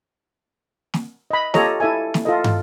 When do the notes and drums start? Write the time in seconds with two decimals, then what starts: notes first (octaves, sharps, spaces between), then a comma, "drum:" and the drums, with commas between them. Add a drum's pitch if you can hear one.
0.94 drum: snare
1.31 D#5 B5
1.54 F4 G4 A4 C#5 D#5 A#5, drum: snare
1.80 E4 A4 E5 G#5
2.14 drum: snare
2.25 F4 A4 D#5
2.44 drum: tom